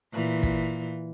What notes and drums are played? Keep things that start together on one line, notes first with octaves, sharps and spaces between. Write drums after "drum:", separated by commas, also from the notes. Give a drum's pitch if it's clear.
A#2 E3
drum: kick